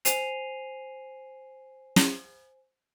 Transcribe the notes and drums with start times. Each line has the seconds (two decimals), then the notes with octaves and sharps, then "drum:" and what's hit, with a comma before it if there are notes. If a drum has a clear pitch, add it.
0.05 C5 G#5 C7 D#7 F7, drum: hi-hat
1.96 drum: snare